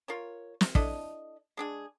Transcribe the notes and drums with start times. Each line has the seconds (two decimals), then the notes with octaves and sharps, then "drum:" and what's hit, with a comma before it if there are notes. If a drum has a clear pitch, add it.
0.08 F4 A#4 C#5
0.61 drum: snare
0.75 D4 E4 A4 D#5, drum: kick
1.57 G#3 D4 G#4